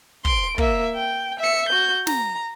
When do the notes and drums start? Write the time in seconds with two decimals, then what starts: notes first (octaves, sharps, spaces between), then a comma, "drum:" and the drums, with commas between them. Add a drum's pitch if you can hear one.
0.25 C6 D7, drum: kick
0.58 A#3 E5, drum: kick
0.95 G5
1.39 E5 C#7
1.69 F#4 G6
2.07 A#5, drum: snare